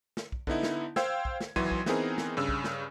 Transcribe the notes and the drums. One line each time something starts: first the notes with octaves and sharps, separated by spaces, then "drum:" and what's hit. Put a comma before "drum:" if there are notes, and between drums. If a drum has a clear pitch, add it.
drum: snare
drum: kick
D3 B3 D#4 E4, drum: kick
drum: snare
C5 F5 G5 E6 G#6, drum: snare
drum: kick
drum: snare
G#1 E3 F#3 C6 G#6 D#7, drum: kick
drum: kick
E3 B3 C4 D#4 G#4 A#4, drum: snare
drum: snare
G2 C#3 E6
drum: kick
drum: snare